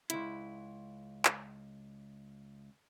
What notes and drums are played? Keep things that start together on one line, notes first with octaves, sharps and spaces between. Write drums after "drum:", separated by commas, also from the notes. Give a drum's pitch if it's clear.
C#2 E4, drum: hi-hat
drum: clap